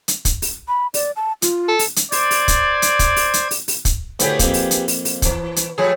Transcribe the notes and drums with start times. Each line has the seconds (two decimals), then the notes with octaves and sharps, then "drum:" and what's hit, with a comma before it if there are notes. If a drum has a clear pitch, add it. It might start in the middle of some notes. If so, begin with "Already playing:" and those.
0.08 drum: hi-hat
0.25 drum: kick, hi-hat
0.42 drum: open hi-hat
0.68 B5
0.94 D5, drum: open hi-hat
1.16 A5
1.42 F4, drum: hi-hat
1.68 A4
1.79 drum: open hi-hat
1.96 drum: hi-hat
2.12 C5 D5 G#6, drum: open hi-hat
2.31 drum: open hi-hat
2.48 drum: kick, hi-hat
2.82 drum: hi-hat
2.99 drum: kick, hi-hat
3.16 drum: open hi-hat
3.34 drum: hi-hat
3.51 drum: open hi-hat
3.68 drum: open hi-hat
3.85 drum: kick, hi-hat
4.19 D2 A2 B3 G4 G#4, drum: hi-hat
4.39 F2 A#3, drum: kick, hi-hat
4.54 drum: open hi-hat
4.71 drum: hi-hat
4.88 drum: open hi-hat
5.05 drum: open hi-hat
5.22 B2 E3, drum: kick, hi-hat
5.56 drum: hi-hat
5.78 F3 G3 A3 G#4